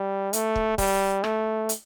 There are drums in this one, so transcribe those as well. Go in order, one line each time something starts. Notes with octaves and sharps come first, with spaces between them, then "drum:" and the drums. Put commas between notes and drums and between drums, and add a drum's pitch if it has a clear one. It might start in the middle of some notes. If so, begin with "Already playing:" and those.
Already playing: G3
A3, drum: hi-hat
drum: kick
G3, drum: kick, open hi-hat
A3, drum: rim click
drum: hi-hat